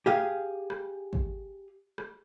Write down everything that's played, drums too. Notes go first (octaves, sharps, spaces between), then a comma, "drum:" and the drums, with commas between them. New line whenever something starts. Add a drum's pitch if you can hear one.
G4 G#4 F5
drum: rim click
drum: kick
drum: rim click